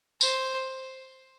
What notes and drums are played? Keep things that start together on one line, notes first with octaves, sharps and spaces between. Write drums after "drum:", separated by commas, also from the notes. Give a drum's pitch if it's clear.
C5, drum: tambourine